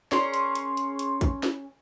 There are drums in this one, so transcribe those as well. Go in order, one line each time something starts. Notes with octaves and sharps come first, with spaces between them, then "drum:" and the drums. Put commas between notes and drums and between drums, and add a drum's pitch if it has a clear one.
C#4 G#4 A#4 C6 C#6, drum: snare
drum: hi-hat
drum: hi-hat
drum: hi-hat
drum: hi-hat
drum: kick, hi-hat
drum: snare